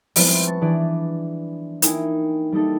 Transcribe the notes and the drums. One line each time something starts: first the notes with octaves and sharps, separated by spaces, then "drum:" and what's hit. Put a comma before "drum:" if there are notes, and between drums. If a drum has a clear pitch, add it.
F3 G3 G#3 B3 C4 E4, drum: open hi-hat
A5 C#6 A6
E3 D4 G#4 D5
A#3 D#4 E4 G5 G#5, drum: hi-hat
G3 A#3 D#4 A4